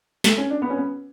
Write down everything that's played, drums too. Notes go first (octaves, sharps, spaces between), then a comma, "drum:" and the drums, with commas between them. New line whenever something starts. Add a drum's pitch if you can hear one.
A3, drum: snare
C#4
D4
B3
C#4
B3